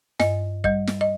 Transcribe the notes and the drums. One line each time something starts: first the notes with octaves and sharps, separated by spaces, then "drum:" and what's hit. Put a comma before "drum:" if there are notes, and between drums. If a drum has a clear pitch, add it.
G2 D#5, drum: snare
G3 D#5, drum: kick
drum: snare
D#5